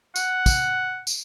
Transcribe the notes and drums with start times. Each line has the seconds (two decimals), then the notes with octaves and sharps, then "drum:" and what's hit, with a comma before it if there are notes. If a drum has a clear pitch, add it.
0.16 F#5, drum: tambourine
0.46 drum: kick, tambourine
1.07 drum: tambourine